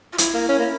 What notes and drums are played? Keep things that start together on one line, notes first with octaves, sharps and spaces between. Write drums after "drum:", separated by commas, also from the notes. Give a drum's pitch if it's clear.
F4
E4, drum: hi-hat
A#3
C#4
A#3